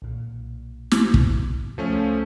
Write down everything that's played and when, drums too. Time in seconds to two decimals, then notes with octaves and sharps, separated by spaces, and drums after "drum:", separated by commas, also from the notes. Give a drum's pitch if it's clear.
0.02 B1 A#2
0.91 drum: snare
1.14 drum: kick
1.78 C#2 F3 A3 C#4